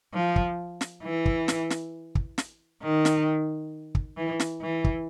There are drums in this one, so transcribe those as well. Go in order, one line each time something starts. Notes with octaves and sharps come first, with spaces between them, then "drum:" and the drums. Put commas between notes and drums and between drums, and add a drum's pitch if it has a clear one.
F3
drum: kick
drum: snare
E3
drum: kick
drum: snare
drum: snare
drum: kick
drum: snare
D#3
drum: snare
drum: kick
E3
drum: snare
E3
drum: kick